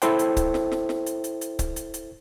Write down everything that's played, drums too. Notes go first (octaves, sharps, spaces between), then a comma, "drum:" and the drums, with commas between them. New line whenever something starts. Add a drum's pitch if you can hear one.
E4 A4 C5 E5 G5, drum: hi-hat
drum: hi-hat
drum: kick C#1, hi-hat
drum: snare
drum: snare
drum: snare
drum: hi-hat
drum: hi-hat
drum: hi-hat
drum: kick C#1, hi-hat
drum: hi-hat
drum: hi-hat